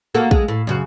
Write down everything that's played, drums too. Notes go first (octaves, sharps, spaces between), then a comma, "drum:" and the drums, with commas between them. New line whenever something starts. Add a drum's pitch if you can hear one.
A#3 F#4 A4
G#3, drum: kick
A2
F#2 C#3 F#4